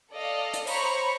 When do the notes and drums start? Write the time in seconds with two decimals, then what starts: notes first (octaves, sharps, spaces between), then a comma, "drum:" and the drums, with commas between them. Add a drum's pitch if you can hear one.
0.12 A4 D5 D#5 F5
0.53 drum: hi-hat
0.67 C5 C#5 A#5 B5 C#6, drum: open hi-hat